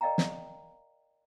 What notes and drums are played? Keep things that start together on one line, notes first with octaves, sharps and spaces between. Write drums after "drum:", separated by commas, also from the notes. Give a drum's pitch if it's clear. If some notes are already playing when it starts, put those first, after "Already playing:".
A#4 D5 D#5 F5 G5 A#5
drum: snare